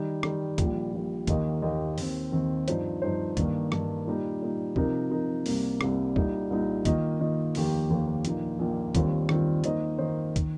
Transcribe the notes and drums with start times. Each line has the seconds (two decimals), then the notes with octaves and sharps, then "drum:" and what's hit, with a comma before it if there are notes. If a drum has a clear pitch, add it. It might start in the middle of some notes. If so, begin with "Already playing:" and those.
Already playing: D#3 G3 D#4
0.23 D#3 G3 D#4, drum: rim click
0.58 A#1 A#2 G3, drum: kick, hi-hat
0.93 A#1 A#2 G3
1.27 D#2 D#3 A#3 G4 D#5, drum: kick, hi-hat
1.62 D#2 D#3 A#3 G4 D#5
1.98 D#2 D#3 C4, drum: open hi-hat
2.32 D#2 D#3 C4
2.68 G2 F3 D#4 C5, drum: hi-hat
3.02 G2 F3 D#4 C5
3.37 G2 D#3 A#3, drum: kick, hi-hat
3.72 G2 D#3 A#3, drum: rim click
4.07 A#2 G3 D#4
4.41 A#2 G3 D#4
4.76 C3 F3 D#4 A#4, drum: kick
5.11 C3 F3 D#4 A#4
5.46 C2 C3 G3 A#3, drum: open hi-hat
5.81 C2 C3 G3 A#3, drum: rim click
6.16 C2 A#2 G3 D#4, drum: kick
6.50 C2 A#2 G3 D#4
6.85 D#3 A#3 F4 D#5, drum: kick, hi-hat
7.20 D#3 A#3 F4 D#5
7.55 F1 D#2 D#3 A#3 G4, drum: open hi-hat
7.90 F1 D#2 D#3 A#3 G4
8.25 A#1 A#2 A#3 D#4, drum: hi-hat
8.59 A#1 A#2 A#3 D#4
8.95 D#2 D#3 G3 C4 F4, drum: kick, hi-hat
9.29 D#2 D#3 G3 C4 F4, drum: rim click
9.64 D#3 A#3 D#4 C5 D#5, drum: hi-hat
9.98 D#3 A#3 D#4 C5 D#5
10.36 D#3, drum: kick, hi-hat